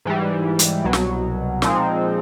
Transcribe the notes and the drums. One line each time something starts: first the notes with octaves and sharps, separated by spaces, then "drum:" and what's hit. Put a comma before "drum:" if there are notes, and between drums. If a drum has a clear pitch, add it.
G#2 E3 G3
drum: hi-hat
C2 B2 F#3
drum: snare
A#2 F3 G#3 C4 D#4, drum: snare